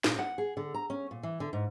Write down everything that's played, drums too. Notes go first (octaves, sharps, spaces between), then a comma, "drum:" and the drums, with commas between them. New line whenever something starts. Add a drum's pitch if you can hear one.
A#2, drum: snare
F#5
G#4
D3
A#5
C#4
A#2
E3
D3
G#2